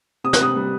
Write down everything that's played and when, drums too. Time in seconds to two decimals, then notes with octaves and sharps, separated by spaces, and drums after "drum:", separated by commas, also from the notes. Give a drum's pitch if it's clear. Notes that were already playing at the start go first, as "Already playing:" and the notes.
0.24 C3 D#6
0.33 F#6, drum: snare
0.40 C3 D#6
0.56 G3